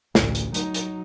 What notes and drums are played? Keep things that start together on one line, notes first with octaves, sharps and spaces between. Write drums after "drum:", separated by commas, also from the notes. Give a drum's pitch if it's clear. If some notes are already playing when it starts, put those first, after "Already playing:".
A1 D2, drum: snare
drum: hi-hat
F#3 D#4, drum: hi-hat
drum: hi-hat